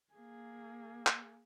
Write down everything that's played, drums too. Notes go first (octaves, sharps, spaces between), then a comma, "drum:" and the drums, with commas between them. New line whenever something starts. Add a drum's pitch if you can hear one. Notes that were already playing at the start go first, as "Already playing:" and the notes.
A#3 G#4
drum: clap